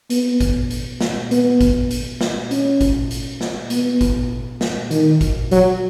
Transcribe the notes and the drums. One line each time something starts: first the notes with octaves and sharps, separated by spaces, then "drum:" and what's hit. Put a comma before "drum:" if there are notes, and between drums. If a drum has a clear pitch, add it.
B3, drum: hi-hat
drum: kick A1, hi-hat
drum: hi-hat
drum: snare
B3, drum: hi-hat
drum: kick A1, hi-hat
drum: hi-hat
drum: snare
C#4, drum: hi-hat
drum: kick A1, hi-hat
drum: hi-hat
drum: snare
B3, drum: hi-hat
drum: kick A1, hi-hat
drum: snare
D#3, drum: hi-hat
drum: kick A1, hi-hat
F#3, drum: hi-hat